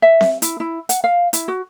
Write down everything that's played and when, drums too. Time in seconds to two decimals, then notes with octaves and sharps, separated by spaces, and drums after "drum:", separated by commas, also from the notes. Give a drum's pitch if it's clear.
0.02 E5
0.21 drum: snare C4
0.42 E4, drum: hi-hat
0.60 E4
0.89 F#5, drum: hi-hat
1.04 F5
1.33 E4, drum: hi-hat
1.48 F#4